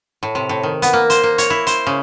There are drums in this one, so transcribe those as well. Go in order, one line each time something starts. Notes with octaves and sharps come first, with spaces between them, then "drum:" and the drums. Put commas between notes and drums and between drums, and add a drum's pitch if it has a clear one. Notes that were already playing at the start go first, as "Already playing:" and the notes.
A2
C3
A2
D#3
B3, drum: hi-hat
A#3
C5, drum: hi-hat
A#3
C#5, drum: hi-hat
E4
C5, drum: hi-hat
C#3